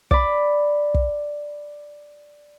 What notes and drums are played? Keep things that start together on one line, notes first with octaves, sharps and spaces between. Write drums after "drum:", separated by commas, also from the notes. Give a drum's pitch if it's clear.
D5 B5, drum: kick
drum: kick